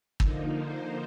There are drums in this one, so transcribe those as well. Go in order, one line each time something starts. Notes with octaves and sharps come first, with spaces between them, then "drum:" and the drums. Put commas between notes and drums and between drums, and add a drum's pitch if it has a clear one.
D3 F3 A#3 D#4, drum: kick
C5